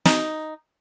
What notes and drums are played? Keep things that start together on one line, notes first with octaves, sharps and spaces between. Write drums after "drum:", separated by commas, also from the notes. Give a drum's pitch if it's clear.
D#4, drum: snare